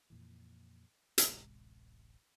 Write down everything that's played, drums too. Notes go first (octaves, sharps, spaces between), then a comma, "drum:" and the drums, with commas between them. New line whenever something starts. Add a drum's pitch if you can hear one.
F2 A#2 E3
D1 A1 C3 G#3, drum: hi-hat